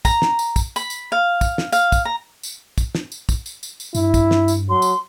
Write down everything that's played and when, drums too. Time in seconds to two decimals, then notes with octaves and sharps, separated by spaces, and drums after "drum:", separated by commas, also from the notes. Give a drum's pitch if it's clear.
0.05 A#5, drum: kick, tambourine
0.22 drum: snare
0.39 drum: tambourine
0.56 drum: kick, tambourine
0.76 B5, drum: tambourine
0.90 drum: tambourine
1.12 F5
1.41 drum: kick, tambourine
1.58 drum: snare
1.72 F5, drum: tambourine
1.92 drum: kick, tambourine
2.05 A#5
2.43 drum: tambourine
2.78 drum: kick, tambourine
2.95 drum: snare
3.12 drum: tambourine
3.29 drum: kick, tambourine
3.46 drum: tambourine
3.63 drum: tambourine
3.80 drum: tambourine
3.95 G2 E4, drum: tambourine
4.14 drum: kick, tambourine
4.31 drum: snare
4.48 drum: tambourine
4.69 F#3 C6
4.82 drum: tambourine